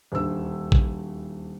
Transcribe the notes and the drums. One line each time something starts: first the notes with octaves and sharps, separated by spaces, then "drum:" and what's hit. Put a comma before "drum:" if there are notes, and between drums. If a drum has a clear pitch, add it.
D#1 D2 E6
drum: kick A1